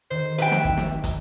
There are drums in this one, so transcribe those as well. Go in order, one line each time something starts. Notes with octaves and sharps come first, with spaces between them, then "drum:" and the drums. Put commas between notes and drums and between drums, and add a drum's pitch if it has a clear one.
D#3 C5
B4 E5 G5, drum: hi-hat
drum: snare
drum: kick
drum: snare
drum: kick, hi-hat